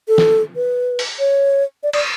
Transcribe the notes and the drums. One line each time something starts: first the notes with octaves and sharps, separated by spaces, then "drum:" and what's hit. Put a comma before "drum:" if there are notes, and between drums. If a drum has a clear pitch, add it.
A4
drum: snare
B4
drum: open hi-hat
C#5
D5
D5, drum: cymbal